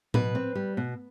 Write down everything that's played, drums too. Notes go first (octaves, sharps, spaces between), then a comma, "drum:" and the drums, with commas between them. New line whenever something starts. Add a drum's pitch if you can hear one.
B2 B4, drum: tom A2
C4
G3
B2